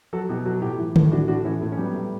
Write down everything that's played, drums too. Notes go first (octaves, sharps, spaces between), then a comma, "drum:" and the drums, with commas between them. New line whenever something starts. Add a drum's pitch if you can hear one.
F#3 F#4 A4
B2 E4 G4
F#3 F#4 A4
A2 E4 G4
E3
A2, drum: tom D3
E3 D4 F#4
A2 D4 F#4
E3 C#4 E4
A2 A3
C#4
F#3 G3 B3
A2